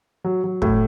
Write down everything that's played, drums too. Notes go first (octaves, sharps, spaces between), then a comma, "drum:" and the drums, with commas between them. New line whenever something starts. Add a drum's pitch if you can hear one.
F#3
F#3
A2, drum: kick